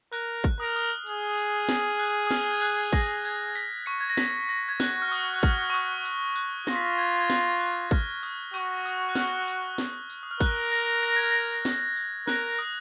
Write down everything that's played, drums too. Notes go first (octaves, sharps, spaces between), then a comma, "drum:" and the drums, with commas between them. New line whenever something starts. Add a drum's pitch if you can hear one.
A#4 F#6, drum: tambourine
drum: kick
A#4 D#6
F6
D#6, drum: tambourine
G#4, drum: tambourine
drum: tambourine
drum: snare
F#6, drum: tambourine
D#6
F6, drum: snare
G#6
F#6, drum: tambourine
A#6, drum: kick, tambourine
G#6, drum: tambourine
B6, drum: tambourine
C#6 C#7, drum: tambourine
G#6
A#6
B6, drum: snare
B6
A#6, drum: tambourine
G#6
F#4 F#6, drum: snare
F6
D#6, drum: tambourine
F#6
F6, drum: kick, tambourine
C#6
D#6, drum: tambourine
F6, drum: tambourine
F#6, drum: tambourine
F4 A#6, drum: snare
B6
A#6
G#6, drum: tambourine
G#6
F#6, drum: snare
F#6, drum: tambourine
F6, drum: kick, tambourine
D#6, drum: tambourine
F#4 C#6, drum: tambourine
D#6, drum: tambourine
F#6
F6, drum: snare
drum: tambourine
drum: snare
drum: tambourine
D#6
F6
A#4 F#6, drum: kick, tambourine
A#6, drum: tambourine
A#6, drum: tambourine
G#6
A#6
drum: snare
drum: tambourine
A#4 F#6, drum: snare
D#6, drum: tambourine